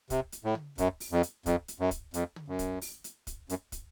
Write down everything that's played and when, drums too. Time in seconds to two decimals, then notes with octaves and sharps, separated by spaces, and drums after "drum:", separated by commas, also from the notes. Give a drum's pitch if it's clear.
0.10 C3, drum: kick, hi-hat
0.32 drum: hi-hat
0.44 A2
0.55 drum: tom
0.78 F#2, drum: kick, hi-hat
1.00 drum: open hi-hat
1.12 F2
1.23 drum: hi-hat
1.46 F2, drum: kick, hi-hat
1.68 drum: hi-hat
1.80 F#2
1.91 drum: kick, hi-hat
2.14 F2, drum: hi-hat
2.36 drum: tom
2.48 F#2
2.59 drum: kick, hi-hat
2.82 drum: open hi-hat
3.04 drum: hi-hat
3.27 drum: kick, hi-hat
3.49 F#2, drum: hi-hat
3.72 drum: kick, hi-hat